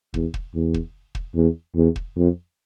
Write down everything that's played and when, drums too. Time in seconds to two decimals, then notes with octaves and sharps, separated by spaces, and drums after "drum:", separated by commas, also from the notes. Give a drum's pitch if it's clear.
0.14 E2, drum: kick
0.34 drum: kick
0.54 E2
0.74 drum: kick
1.15 drum: kick
1.35 E2
1.75 E2
1.96 drum: kick
2.16 F2